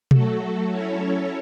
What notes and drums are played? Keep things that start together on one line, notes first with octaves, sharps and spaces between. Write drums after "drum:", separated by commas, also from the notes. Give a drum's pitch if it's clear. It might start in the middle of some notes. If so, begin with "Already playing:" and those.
F#3 A3 F#4 A4, drum: tom B2
F#3 C#4 E4 A4 C#5